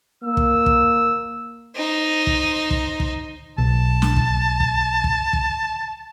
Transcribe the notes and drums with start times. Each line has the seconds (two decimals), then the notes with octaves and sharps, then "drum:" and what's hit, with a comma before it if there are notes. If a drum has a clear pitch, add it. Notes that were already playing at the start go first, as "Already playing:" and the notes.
0.24 A#3 E6
0.37 drum: kick
0.66 drum: kick
1.76 D#4 C5
2.27 drum: kick
2.71 drum: kick
3.00 drum: kick
3.58 B1 A5
4.02 drum: snare
4.16 drum: kick
4.60 drum: kick
5.04 drum: kick
5.33 drum: kick